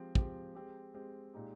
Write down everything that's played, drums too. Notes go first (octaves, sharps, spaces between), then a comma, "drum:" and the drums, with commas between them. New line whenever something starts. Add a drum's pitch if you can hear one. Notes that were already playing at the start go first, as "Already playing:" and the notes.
Already playing: F3 G#3 C4 G4
F3 G#3 C4 G4, drum: kick
G#3 C4 G4
G#3 C4 G4
A#2 G#3 D#4 G4